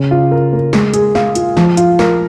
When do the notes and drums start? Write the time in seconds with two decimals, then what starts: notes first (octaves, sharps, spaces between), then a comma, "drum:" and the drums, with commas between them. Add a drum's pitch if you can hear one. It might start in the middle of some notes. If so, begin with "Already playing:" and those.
Already playing: C#3
0.11 F4
0.31 A#4
0.53 A#3
0.73 G#3, drum: snare
0.94 G#4, drum: hi-hat
1.15 F5, drum: snare
1.35 F4, drum: hi-hat
1.57 F3, drum: snare
1.77 F4, drum: hi-hat
1.99 A#4, drum: snare